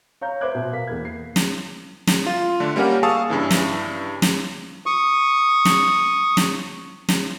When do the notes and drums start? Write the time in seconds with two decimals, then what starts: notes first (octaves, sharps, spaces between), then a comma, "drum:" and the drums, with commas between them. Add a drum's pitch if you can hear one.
0.21 C#5 F5 A#5 G6
0.41 B4 C5 E5 D6 F#6 G#6
0.55 B2
0.73 A#4 F5 A#5 B6
0.87 E2 A#3 G#6
1.05 C7
1.36 drum: snare
2.07 drum: snare
2.26 F4
2.60 D3 A3 D4
2.76 G3 A#3 C#4 G4 A#4 F#5
3.03 G#4 F5 A5 C#6 D#6 E6
3.30 G2 C#3 E3
3.51 drum: snare
4.22 drum: snare
4.86 C#6 D#6
5.65 drum: snare
6.37 drum: snare
7.09 drum: snare